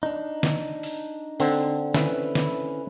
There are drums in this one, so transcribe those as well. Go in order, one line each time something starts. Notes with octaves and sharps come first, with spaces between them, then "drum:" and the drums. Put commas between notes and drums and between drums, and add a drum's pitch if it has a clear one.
D4 D#4
drum: snare
drum: open hi-hat
D3 C4, drum: open hi-hat
C#4 E4 B4, drum: snare
drum: snare